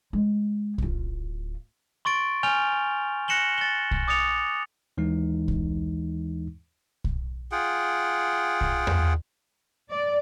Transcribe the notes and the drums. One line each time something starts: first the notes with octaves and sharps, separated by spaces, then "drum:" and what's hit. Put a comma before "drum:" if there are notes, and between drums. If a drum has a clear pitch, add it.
G#3
D1 F4, drum: kick
C6 C#6 A6 D7
G#5 F6 G6 F7 G7
F#6 A#6 C#7 E7 F#7 G7
A6 G7
drum: kick
D6 D#6 A6 C#7 F7
D#2 E3 G#3 D#4
drum: kick
drum: kick
F4 G#4 F#5 G5
drum: kick
drum: tom E2
D5